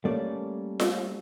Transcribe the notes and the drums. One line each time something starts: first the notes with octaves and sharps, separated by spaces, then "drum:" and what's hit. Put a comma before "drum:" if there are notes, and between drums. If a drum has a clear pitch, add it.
G3 A3 A#3 C#4 A4 D5
drum: snare F4